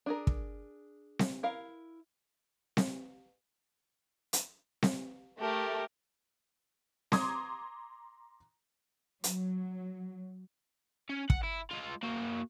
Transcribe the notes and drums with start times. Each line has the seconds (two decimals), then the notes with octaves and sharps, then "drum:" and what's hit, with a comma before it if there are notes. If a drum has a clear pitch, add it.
0.06 D4 G#4 A#4
0.27 drum: kick
1.19 drum: snare C4
1.43 E4 A#4 F5
2.77 drum: snare C4
4.33 drum: hi-hat
4.83 drum: snare C4
5.40 A3 G4 A#4
7.12 A#5 C6 D6 D#6 G#6, drum: snare C4
9.24 F#3, drum: hi-hat
11.09 C#4
11.30 F#5, drum: kick
11.43 E4
11.71 G#3 F4
12.03 A#3 F#4